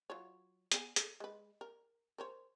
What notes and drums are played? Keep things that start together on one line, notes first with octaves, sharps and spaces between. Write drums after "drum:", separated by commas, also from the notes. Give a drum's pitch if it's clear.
F#3 F4 C#5
B3 G#4 G#5, drum: hi-hat
G#4 A4, drum: hi-hat
G#3 B4
A#4
A#4 C5 C#5